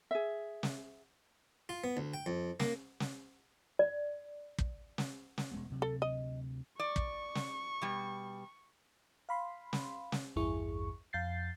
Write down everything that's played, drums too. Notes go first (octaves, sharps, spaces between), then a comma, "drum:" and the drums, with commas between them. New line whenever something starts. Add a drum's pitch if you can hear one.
G#4 E5
drum: snare
F4
B3
D2
G5
F2
A#3, drum: snare
drum: snare
D5
drum: kick
drum: snare
drum: snare
E1 G#3 B3
D2 C3 F#3
A4
D#5
D5 C#6
drum: kick
drum: snare
B2 G3
F5 B5 C6
drum: snare
drum: snare
A1 E2 G2 E4 G#4 C#6
F2 F5 G6 A6 C7